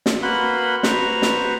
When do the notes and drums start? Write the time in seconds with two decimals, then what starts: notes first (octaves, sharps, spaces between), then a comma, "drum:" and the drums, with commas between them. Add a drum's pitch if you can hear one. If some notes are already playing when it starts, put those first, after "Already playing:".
0.06 drum: snare
0.22 A#3 F#4 B4 F#5 B5 C6
0.83 F#4 B4 C5 A#5 C#6, drum: snare
1.22 drum: snare